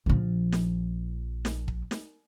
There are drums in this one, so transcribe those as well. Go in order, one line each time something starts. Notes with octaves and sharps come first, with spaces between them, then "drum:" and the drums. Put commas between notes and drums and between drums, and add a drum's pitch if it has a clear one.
A#1 F3
drum: snare
drum: snare
drum: kick
drum: snare